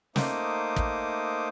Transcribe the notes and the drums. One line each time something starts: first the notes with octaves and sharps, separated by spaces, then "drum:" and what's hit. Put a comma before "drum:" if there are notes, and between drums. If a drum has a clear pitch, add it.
A3 A#3 D#4 C5 D6 D#6, drum: snare
drum: kick